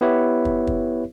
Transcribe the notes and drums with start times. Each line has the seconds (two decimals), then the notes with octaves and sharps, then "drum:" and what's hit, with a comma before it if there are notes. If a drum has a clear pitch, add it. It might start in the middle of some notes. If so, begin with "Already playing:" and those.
0.01 B3 E4 G4 B4 C#5 E5
0.45 drum: kick
0.67 drum: kick